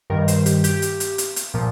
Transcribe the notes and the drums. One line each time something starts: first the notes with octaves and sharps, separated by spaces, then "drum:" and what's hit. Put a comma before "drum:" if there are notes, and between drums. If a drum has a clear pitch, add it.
G2 D#3 G3 A#4
C5, drum: hi-hat
G4, drum: hi-hat
G4, drum: hi-hat
drum: hi-hat
drum: hi-hat
drum: hi-hat
drum: hi-hat
A#2 F3